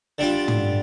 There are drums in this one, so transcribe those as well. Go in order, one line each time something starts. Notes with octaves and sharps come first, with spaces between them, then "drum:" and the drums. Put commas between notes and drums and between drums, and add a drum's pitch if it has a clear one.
D3 G3 D4 F4
drum: tom